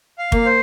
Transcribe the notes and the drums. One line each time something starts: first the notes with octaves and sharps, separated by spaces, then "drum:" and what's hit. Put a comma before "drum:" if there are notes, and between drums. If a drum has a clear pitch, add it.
F5
A#3, drum: kick
C5